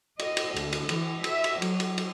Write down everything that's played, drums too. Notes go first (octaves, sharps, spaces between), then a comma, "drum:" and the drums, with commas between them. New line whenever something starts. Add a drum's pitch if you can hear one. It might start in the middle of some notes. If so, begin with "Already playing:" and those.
D#5, drum: cymbal
drum: cymbal
D2, drum: cymbal
drum: cymbal
E3, drum: cymbal
E5, drum: cymbal
drum: cymbal
F#3, drum: cymbal
drum: cymbal
drum: cymbal